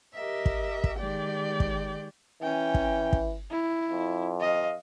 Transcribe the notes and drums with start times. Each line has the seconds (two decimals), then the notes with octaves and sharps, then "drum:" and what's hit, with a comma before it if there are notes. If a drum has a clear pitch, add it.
0.15 G4 A#4 D#5 E5
0.46 drum: kick
0.84 drum: kick
0.99 D#3 G#3 G4 D5 G5 G6
1.60 drum: kick
2.42 E3 C#4 G5
2.74 drum: kick
3.13 drum: kick
3.51 E4
3.92 F2
4.40 D#5 F5